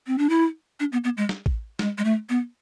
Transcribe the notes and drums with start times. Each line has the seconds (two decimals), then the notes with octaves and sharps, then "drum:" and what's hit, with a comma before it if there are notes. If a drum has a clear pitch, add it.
0.07 C4
0.18 D4
0.29 E4
0.80 D4
0.92 B3
1.04 B3
1.17 G#3
1.29 drum: snare
1.46 drum: kick A1
1.79 G#3, drum: snare
1.98 G#3
2.04 A3
2.29 B3